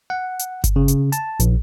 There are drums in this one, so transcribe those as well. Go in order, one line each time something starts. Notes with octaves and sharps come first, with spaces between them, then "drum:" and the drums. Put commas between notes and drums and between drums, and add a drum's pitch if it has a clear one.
F#5
drum: hi-hat
drum: kick G1, hi-hat
C#3
drum: hi-hat
A5, drum: hi-hat
A#1, drum: hi-hat